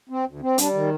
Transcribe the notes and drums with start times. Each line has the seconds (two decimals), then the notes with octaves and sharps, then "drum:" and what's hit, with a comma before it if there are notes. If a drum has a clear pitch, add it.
0.09 C4
0.25 D2
0.42 C4
0.58 G3 D4, drum: hi-hat
0.74 D#3